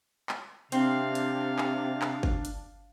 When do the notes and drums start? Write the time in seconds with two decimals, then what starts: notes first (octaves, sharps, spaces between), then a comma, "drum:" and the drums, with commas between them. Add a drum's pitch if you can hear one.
0.29 drum: clap
0.72 C3 C4 D4 F5, drum: hi-hat
1.15 drum: hi-hat
1.58 drum: clap
2.02 drum: clap
2.23 drum: kick
2.45 drum: hi-hat